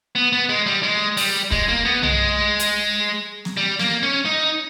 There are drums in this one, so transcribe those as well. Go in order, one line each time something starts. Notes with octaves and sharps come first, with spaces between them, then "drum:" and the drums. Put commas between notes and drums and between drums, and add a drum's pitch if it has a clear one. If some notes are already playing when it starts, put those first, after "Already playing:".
B3
B3
G#3
G3
G#3
G3, drum: open hi-hat
G#3, drum: kick
A#3
B3
G#3, drum: tom B1
drum: hi-hat
drum: snare
G3
A#3, drum: snare
C#4
D#4